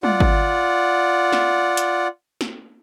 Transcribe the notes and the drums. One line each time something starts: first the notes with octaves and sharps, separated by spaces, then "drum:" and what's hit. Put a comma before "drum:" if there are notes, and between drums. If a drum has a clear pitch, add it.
F4 D5 F#5, drum: tom
drum: kick G#1
drum: snare
drum: hi-hat
drum: snare